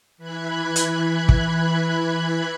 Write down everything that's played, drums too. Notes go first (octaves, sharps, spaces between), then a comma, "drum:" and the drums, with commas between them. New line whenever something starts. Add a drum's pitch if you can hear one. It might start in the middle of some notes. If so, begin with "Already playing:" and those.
E3 B5 F#6 G#6
drum: hi-hat
drum: kick